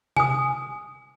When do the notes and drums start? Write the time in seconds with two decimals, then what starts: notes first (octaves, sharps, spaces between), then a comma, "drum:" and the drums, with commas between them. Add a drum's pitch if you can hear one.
0.17 G#5 D#6, drum: tom C3